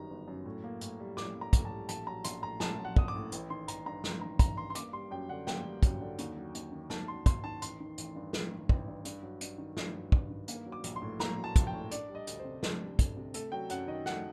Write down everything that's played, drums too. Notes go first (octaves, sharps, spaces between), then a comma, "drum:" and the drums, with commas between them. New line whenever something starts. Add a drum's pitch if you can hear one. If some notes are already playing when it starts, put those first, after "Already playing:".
Already playing: G1 F#2 D#3 G3 A#5
G1
F#2
A2
A#3
A2, drum: hi-hat
G3
A2 D6, drum: snare
A#3
A#5
A2, drum: kick, hi-hat
A5
G3
A#1 A5, drum: hi-hat
F#3 A#5
A#1 C6, drum: hi-hat
A2 A#5
A#1 A5, drum: snare
F#3
F#5
A#1 D#6, drum: kick
D6
A2
A1, drum: hi-hat
D#3 C6
A1 A#5, drum: hi-hat
G2 A#5
A1, drum: snare
D#3 A#5
A1 A#5, drum: kick, hi-hat
G2 C6
C6
A#3 D6, drum: hi-hat
G3 C6
F#2 G5
D3 F#5
A#3 G5, drum: snare
G3
F#2, drum: kick, hi-hat
D3
D#2, drum: hi-hat
F#3
D#2, drum: hi-hat
D#3
D#2 A5, drum: snare
F#3 C6
D#2 C6, drum: kick, hi-hat
D#3 A5
A1 C6, drum: hi-hat
D#3
A1, drum: hi-hat
G2
A1, drum: snare
D#3
A1, drum: kick
G2
G2, drum: hi-hat
F#3
G2, drum: hi-hat
D#3
G2, drum: snare
F#3
G2, drum: kick
D#3
A#3, drum: hi-hat
F#3
D6
A#1, drum: hi-hat
C6
A2
A#3 A#5, drum: snare
F#3
A5
A#1, drum: kick, hi-hat
G5
A2
D4 D5, drum: hi-hat
G3
D#5
D2, drum: hi-hat
C3 C5
D4, drum: snare
G3
D2, drum: kick, hi-hat
C3
A3 A4, drum: hi-hat
F#3 G5
F#2 F#5, drum: hi-hat
D#3 D#5
A3 F#5, drum: snare